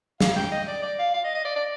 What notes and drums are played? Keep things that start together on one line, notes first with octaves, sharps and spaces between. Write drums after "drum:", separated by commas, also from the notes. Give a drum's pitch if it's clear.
F5, drum: snare
G5
D#5
D5
D5
F5
F5
D#5
D#5
D5
D5